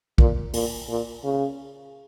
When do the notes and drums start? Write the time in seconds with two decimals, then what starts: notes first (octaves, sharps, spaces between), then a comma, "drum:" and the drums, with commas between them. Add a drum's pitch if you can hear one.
0.18 A#2, drum: kick B1
0.53 A#2, drum: open hi-hat
0.89 A#2
1.24 C#3